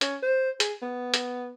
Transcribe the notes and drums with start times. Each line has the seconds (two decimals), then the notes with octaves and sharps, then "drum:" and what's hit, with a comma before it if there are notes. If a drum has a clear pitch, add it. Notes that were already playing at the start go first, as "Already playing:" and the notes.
0.01 C#4, drum: hi-hat
0.23 C5
0.60 G#4, drum: hi-hat
0.82 B3
1.14 drum: hi-hat